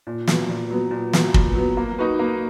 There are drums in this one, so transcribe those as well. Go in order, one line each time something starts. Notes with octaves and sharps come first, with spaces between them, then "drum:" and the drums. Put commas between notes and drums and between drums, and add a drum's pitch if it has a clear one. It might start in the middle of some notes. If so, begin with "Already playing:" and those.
A#2
F#3 B3, drum: snare
A#2
F#3 B3
A#2
F#3 B3, drum: snare
A#2, drum: kick
F#3 B3
A#3
D#4 F#4 B4
A#3